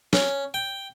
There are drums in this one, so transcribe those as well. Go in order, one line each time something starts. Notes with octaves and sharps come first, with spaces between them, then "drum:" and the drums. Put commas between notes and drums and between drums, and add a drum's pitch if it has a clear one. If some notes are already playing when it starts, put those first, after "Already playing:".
C#4, drum: snare
G5